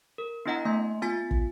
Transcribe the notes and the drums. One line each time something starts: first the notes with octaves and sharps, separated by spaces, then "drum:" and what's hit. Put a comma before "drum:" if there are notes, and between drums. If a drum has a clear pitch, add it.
A#4
B3 D4 E4 D#5 F#5 A#5
A3 A#3 G#5 C6
B3 F4 G#5 A6 B6
drum: kick